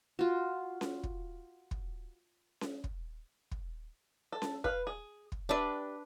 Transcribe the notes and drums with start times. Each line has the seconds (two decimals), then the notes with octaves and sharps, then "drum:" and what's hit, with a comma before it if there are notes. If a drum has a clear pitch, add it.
0.19 F4 F#4
0.81 drum: snare C#4
1.03 drum: kick
1.71 drum: kick
2.61 drum: snare C#4
2.84 drum: kick
3.51 drum: kick
4.32 A4
4.42 drum: snare C#4
4.64 B4 F5, drum: kick
4.87 G#4
5.32 drum: kick
5.49 D4 G4 B4 D5 E5